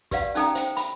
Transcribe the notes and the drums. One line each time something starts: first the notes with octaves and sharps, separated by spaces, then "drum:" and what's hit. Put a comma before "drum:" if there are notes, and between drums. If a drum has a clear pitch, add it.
G4 B4 D5 F5 F#5, drum: kick, hi-hat
C#4 D#4 A4 G5 A#5, drum: hi-hat
C5 G5, drum: hi-hat
B5, drum: hi-hat